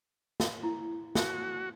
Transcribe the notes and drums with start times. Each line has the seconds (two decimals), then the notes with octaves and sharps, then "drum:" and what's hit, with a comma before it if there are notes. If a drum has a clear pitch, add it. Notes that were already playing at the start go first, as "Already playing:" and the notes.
0.40 drum: snare
0.63 E4
1.15 F#4, drum: snare